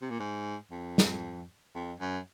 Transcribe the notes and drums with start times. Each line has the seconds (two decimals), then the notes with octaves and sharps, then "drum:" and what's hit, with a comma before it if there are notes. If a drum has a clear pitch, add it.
0.02 C3
0.10 A#2
0.20 G#2
0.71 F2
0.98 drum: snare
1.75 F2
2.00 F#2